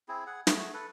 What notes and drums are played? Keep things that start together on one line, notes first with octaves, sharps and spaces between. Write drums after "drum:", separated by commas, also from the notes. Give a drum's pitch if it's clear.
C4 E4 G#4
G#4 F#5
A3 F#4 G#4, drum: snare
A4 B4